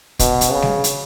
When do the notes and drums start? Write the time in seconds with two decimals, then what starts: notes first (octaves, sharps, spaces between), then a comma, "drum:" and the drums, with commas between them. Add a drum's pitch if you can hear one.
0.19 B2, drum: kick, hi-hat
0.41 drum: hi-hat
0.51 C#3
0.62 drum: snare G3
0.84 drum: hi-hat